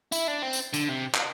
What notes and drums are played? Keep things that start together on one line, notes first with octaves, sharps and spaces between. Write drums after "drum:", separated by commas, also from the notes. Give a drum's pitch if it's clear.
E4, drum: tambourine
D4
C4
drum: tambourine
D3, drum: tambourine
C3
drum: clap